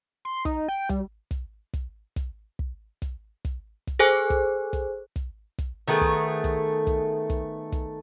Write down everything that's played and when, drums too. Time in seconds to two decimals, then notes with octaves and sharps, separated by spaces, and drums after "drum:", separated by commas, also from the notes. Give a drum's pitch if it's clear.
0.25 C6
0.45 D#4, drum: kick, hi-hat
0.68 G5
0.89 G3, drum: kick, hi-hat
1.31 drum: kick, hi-hat
1.73 drum: kick, hi-hat
2.16 drum: kick, hi-hat
2.59 drum: kick
3.02 drum: kick, hi-hat
3.45 drum: kick, hi-hat
3.87 drum: kick, hi-hat
3.99 G#4 A4 C5 G#5 F#6
4.30 drum: kick, hi-hat
4.73 drum: kick, hi-hat
5.16 drum: kick, hi-hat
5.58 drum: kick, hi-hat
5.88 D#3 A3 B3 G#4
6.01 drum: kick
6.44 drum: kick, hi-hat
6.87 drum: kick, hi-hat
7.30 drum: kick, hi-hat
7.72 drum: kick, hi-hat